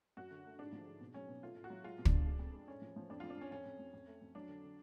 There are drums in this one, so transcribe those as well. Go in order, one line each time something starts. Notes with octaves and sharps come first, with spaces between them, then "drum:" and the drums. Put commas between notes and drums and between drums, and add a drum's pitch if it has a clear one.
F#2 F#4
D3
A3
G#2 D4
F3
G#2
B2
F#3 C#4
B2
A3 F4
A2
F#4
F#3
G#3 F4
B2
D4, drum: kick
B2
G#3
F2
G#3
A2 C#4
F3
F3
F2 D4
F2 F4
D4
F2 C#4
F2 C#4
F2
F2
F2
A3
F2
F#3 D4
D3
D3